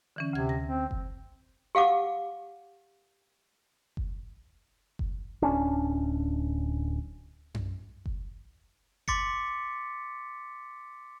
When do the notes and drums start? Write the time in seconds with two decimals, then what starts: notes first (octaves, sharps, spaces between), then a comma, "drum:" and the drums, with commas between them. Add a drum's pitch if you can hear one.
0.16 D3 E3 C#4
0.33 D2 C3 G#6
0.49 A#6
0.68 C4
0.91 drum: kick F#1
1.75 G4 F5 F#5 D6
3.97 drum: kick F#1
4.99 drum: kick F#1
5.42 D1 C#4 D4
7.54 drum: tom F#2
8.06 drum: kick F#1
9.08 C6 D6 A6 B6 C#7, drum: kick F#1